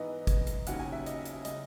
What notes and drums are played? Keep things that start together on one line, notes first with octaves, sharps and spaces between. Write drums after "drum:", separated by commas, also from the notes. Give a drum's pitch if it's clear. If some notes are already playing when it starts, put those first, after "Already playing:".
Already playing: G#2 E3 B3 D#4 D#5
drum: kick G1, hi-hat
drum: hi-hat
D#2 C#3 F#3 C#4 E4 F#5, drum: hi-hat
G#5
E5
D#5, drum: hi-hat
drum: hi-hat
C#3 F#3 D#5, drum: hi-hat